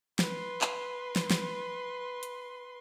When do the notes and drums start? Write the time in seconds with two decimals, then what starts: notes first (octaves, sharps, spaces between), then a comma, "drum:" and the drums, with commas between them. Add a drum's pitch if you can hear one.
0.19 B4 C6, drum: snare
0.61 drum: clap
1.16 drum: snare
1.31 drum: snare
2.23 drum: hi-hat